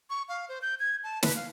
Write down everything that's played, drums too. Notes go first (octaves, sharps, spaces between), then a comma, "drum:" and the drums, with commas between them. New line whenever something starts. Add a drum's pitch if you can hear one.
C#6
F5
C5
G6
G#6
A5
B4, drum: snare
F5